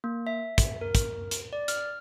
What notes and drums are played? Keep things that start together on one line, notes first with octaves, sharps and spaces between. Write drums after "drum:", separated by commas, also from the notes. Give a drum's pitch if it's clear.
A#3
E5
drum: kick, hi-hat
A#4
drum: kick, hi-hat
drum: hi-hat
D5
F6, drum: hi-hat